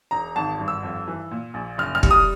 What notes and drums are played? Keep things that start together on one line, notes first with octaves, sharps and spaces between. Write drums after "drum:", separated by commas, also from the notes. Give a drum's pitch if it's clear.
E1 A#5
G#1 A5
G2
E6
F2
E3
A#2
A#1
F#1 F6
F6
G3, drum: kick
D#6